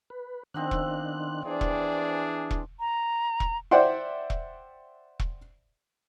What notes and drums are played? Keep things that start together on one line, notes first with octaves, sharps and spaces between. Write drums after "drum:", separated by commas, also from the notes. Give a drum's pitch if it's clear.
B4
D#3 F3 B3 C4 D4 F#6
drum: kick E1
E3 D4 G#4 C5 D5
drum: kick E1
drum: kick E1
A#5
drum: kick E1
C5 D5 E5 F#5 G5 C6
drum: kick E1
drum: kick E1